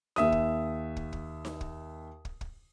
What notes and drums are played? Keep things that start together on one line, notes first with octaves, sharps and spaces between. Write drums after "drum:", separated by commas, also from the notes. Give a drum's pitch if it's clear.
D#2 E5 D#6, drum: snare D#4
drum: kick
drum: kick
drum: kick
drum: snare D#4
drum: kick
drum: kick
drum: kick